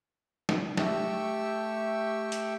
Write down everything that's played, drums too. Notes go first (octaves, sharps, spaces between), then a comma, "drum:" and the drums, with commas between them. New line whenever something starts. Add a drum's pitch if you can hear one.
drum: snare
A3 G4 G5 C#6 E6, drum: snare
drum: hi-hat